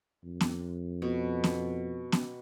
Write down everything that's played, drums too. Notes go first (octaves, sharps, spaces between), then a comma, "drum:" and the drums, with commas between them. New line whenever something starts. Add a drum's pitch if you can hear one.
F2
drum: snare B3
B2
drum: snare B3
drum: snare B3